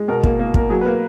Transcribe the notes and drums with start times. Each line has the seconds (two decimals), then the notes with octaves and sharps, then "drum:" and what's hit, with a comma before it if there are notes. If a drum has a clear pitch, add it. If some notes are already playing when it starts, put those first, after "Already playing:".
Already playing: G#3
0.08 B2 A#4
0.23 A#3 A#4, drum: kick
0.39 A#3
0.54 A#3 A#4, drum: kick
0.70 F#3 G#4
0.81 B4
0.86 A#3 A#4